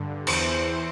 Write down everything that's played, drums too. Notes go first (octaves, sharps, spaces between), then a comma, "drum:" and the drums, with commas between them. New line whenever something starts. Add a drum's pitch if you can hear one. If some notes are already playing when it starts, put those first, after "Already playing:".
Already playing: G2 D3
E2 E3 C5, drum: cymbal